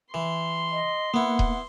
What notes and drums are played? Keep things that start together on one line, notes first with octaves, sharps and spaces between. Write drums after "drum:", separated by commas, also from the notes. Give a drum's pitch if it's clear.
E3 C6
D#5
A#3 B3 E4 F#5
drum: kick D#1